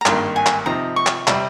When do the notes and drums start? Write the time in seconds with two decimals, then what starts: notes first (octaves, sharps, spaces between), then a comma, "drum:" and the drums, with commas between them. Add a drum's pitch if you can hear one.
0.01 A#5
0.06 G#1 G2 D#3 A#3 C6, drum: clap
0.36 G#5
0.46 drum: clap
0.66 C3 F3 C4 D#4 A#5
0.96 C#6
1.07 drum: clap
1.27 C3 G3 C4, drum: clap